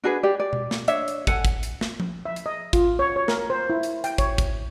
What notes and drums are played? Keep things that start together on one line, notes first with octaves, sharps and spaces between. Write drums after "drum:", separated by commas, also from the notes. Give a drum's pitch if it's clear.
D4 F#4 G#4 B4
G4 D5
D5
drum: tom B2
drum: snare
D4 C#5 E5, drum: hi-hat
drum: hi-hat
A4 F#5 G#5, drum: kick, hi-hat
drum: kick, hi-hat
drum: hi-hat
drum: snare
drum: tom F3
E5
drum: hi-hat
D#5
F4, drum: kick, hi-hat
C#5
C#5
A#4, drum: snare
C5
E4
drum: hi-hat
G5, drum: hi-hat
C#5, drum: kick, hi-hat
drum: kick, hi-hat